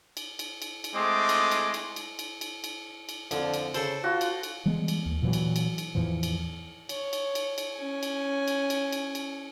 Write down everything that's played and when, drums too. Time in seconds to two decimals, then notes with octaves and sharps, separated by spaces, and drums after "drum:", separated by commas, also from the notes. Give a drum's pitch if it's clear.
0.17 drum: cymbal
0.39 drum: cymbal
0.62 drum: cymbal
0.84 drum: cymbal
0.95 G#3 A3 C4 C6 D6 D#6
1.29 drum: cymbal
1.51 drum: cymbal
1.74 drum: cymbal
1.96 drum: cymbal
2.19 drum: cymbal
2.41 drum: cymbal
2.64 drum: cymbal
3.09 drum: cymbal
3.31 F2 D3, drum: cymbal
3.54 drum: cymbal
3.74 C#3 A4 C5, drum: cymbal
4.04 F4 F#4
4.21 drum: cymbal
4.43 drum: cymbal
4.66 E3 G3 G#3 B3
4.88 drum: cymbal
5.06 D#2
5.22 A#2 E3 F#3
5.33 drum: cymbal
5.56 drum: cymbal
5.78 drum: cymbal
5.95 E2 A2 E3 F3
6.23 drum: cymbal
6.89 C#5, drum: cymbal
7.13 drum: cymbal
7.35 drum: cymbal
7.58 drum: cymbal
7.75 C#4 G#5
8.03 drum: cymbal
8.48 drum: cymbal
8.70 drum: cymbal
8.92 drum: cymbal
9.15 drum: cymbal